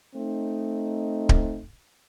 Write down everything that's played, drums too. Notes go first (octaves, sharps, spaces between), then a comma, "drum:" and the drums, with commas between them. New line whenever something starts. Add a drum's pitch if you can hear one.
A3 C4 D#4
drum: kick D1